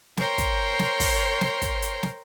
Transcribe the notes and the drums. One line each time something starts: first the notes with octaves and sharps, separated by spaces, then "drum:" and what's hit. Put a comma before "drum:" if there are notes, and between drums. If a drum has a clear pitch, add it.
A#4 C5 C#5 G5 A#5 C6, drum: snare
drum: kick, hi-hat
drum: snare
drum: kick, open hi-hat
drum: snare
drum: kick, hi-hat
drum: hi-hat
drum: snare